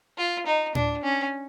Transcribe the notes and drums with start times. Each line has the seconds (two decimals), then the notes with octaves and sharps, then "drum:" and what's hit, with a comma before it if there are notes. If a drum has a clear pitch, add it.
0.18 F4
0.46 D#4
0.75 D4, drum: tom A2
1.03 C#4